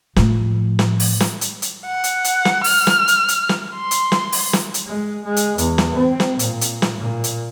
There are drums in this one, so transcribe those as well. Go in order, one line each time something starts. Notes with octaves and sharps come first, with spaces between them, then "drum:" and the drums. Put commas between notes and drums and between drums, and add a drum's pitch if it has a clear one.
A2 F3, drum: snare
drum: snare
drum: open hi-hat
drum: snare
drum: hi-hat
drum: hi-hat
F#5
drum: hi-hat
drum: hi-hat
drum: snare
F6, drum: open hi-hat
drum: snare
drum: hi-hat
drum: hi-hat
drum: snare
C6
drum: hi-hat
drum: snare
drum: open hi-hat
drum: snare
drum: hi-hat
G#3
G#3
drum: hi-hat
E2, drum: hi-hat
drum: snare
C4
drum: snare
A#2, drum: hi-hat
drum: hi-hat
drum: snare
A#2
drum: hi-hat